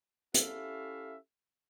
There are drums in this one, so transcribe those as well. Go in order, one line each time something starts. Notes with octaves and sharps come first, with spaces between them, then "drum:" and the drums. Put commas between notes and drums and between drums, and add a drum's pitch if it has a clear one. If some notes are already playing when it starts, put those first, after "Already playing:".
C#4 E4 G4 A4 E5 F5, drum: hi-hat